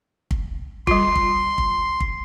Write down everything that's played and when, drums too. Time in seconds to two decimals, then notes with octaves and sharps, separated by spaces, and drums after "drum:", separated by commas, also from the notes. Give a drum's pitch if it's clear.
0.31 drum: kick
0.87 G3 F4 C6, drum: kick
1.16 drum: kick
1.58 drum: kick
2.00 drum: kick